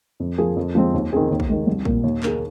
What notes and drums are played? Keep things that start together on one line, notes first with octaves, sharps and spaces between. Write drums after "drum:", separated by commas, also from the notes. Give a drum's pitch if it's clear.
F2
F3 A#3 G#4
F2
F3 G#3 C4
D#2
D#3 C4 G#4
D#2
drum: kick
D#3 G#3
C2
A#2 A#3, drum: kick
D#2
D#3 A#3 G#4, drum: clap